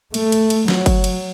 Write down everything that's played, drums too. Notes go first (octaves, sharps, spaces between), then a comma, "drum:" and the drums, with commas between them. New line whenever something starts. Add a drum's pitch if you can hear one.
A3, drum: cymbal
drum: cymbal
drum: cymbal
F#3, drum: snare
drum: kick G1, cymbal
drum: cymbal